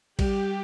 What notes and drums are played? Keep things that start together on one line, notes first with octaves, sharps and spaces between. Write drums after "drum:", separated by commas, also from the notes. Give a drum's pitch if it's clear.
G3 G4, drum: kick, cymbal